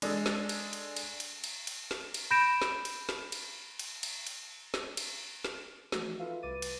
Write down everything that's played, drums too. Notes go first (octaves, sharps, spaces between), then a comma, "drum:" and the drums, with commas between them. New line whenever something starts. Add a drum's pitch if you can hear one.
G#3 D4 A4, drum: cymbal
drum: snare
drum: cymbal
drum: cymbal
drum: cymbal
drum: cymbal
drum: cymbal
drum: cymbal
drum: snare
drum: cymbal
B5 G6 A#6 D7 E7
drum: snare
drum: cymbal
drum: snare
drum: cymbal
drum: cymbal
drum: cymbal
drum: cymbal
drum: snare
drum: cymbal
drum: snare
E3 F3 A3 D#4 F#4, drum: snare
F4 A4 B4 E5 F5
C2 B4 D6 A6 D#7
drum: cymbal